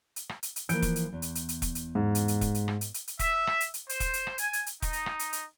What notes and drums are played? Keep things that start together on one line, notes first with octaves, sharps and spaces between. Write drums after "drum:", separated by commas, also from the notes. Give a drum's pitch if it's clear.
drum: hi-hat
drum: rim click
drum: hi-hat
drum: hi-hat
E3 F3 A#3 G6 D7, drum: hi-hat
drum: kick E1, hi-hat
drum: hi-hat
E2
drum: hi-hat
drum: hi-hat
drum: hi-hat
drum: kick E1, hi-hat
drum: hi-hat
G#2
drum: hi-hat
drum: hi-hat
drum: kick E1, hi-hat
drum: hi-hat
drum: rim click
drum: hi-hat
drum: hi-hat
drum: hi-hat
E5, drum: kick E1, hi-hat
drum: rim click
drum: hi-hat
drum: hi-hat
C5, drum: hi-hat
drum: kick E1, hi-hat
drum: hi-hat
drum: rim click
G#5, drum: hi-hat
drum: hi-hat
drum: hi-hat
D#4, drum: kick E1, hi-hat
drum: hi-hat
drum: rim click
drum: hi-hat
drum: hi-hat